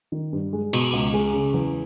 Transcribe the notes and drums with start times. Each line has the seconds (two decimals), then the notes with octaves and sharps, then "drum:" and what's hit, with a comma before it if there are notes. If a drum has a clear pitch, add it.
0.12 D#3
0.33 G2
0.53 G#3
0.73 B2, drum: cymbal
0.93 C#2
1.13 G#3
1.34 C#3
1.54 E2